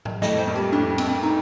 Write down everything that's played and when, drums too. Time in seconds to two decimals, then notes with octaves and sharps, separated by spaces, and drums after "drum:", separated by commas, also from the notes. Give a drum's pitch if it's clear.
0.05 drum: tom G#2
0.22 F2 A2 D#5, drum: snare
0.38 C5
0.47 G2 A#2
0.55 G4
0.72 F2 A2 D4
0.98 C4, drum: cymbal
1.23 D#4